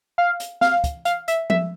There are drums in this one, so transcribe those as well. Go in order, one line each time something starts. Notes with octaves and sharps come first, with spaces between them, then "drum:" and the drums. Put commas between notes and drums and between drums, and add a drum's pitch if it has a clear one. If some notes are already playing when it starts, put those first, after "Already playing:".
F5
drum: hi-hat
F5, drum: snare
drum: kick, hi-hat
F5, drum: hi-hat
E5, drum: hi-hat
E5, drum: tom F3